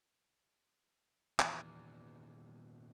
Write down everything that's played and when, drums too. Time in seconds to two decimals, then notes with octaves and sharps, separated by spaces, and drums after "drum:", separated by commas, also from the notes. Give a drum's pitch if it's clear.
1.39 E2 A#2 D#3 B3, drum: clap